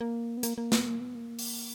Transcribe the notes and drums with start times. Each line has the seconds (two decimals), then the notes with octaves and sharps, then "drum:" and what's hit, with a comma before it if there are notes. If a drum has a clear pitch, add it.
0.01 A#3
0.37 B3
0.43 A#3, drum: hi-hat
0.58 A#3
0.72 B3, drum: snare
0.87 A#3
1.00 B3
1.15 A#3
1.39 drum: open hi-hat